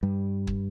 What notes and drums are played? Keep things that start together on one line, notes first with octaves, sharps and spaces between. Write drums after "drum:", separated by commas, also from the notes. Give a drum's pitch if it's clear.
G2 G3
drum: kick